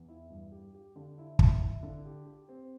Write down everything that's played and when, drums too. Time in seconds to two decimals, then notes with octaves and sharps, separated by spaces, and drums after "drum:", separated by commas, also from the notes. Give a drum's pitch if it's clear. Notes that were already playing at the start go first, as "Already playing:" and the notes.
Already playing: E2
0.08 E4
0.30 G2
0.52 G4
0.75 G4
0.96 D3
1.18 E4
1.39 E4, drum: kick
1.62 E4
1.83 D3
2.05 G4
2.27 G4
2.49 C4